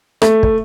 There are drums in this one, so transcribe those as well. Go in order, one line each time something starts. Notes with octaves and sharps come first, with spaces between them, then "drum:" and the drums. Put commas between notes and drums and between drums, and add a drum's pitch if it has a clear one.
A3, drum: rim click
drum: kick